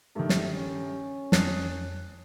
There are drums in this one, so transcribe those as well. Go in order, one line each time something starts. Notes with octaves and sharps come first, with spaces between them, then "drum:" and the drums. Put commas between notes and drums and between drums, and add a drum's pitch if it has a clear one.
G2 D#3 A3 G4
drum: snare
C#4
F2 A5 D#6 F#6 C7, drum: snare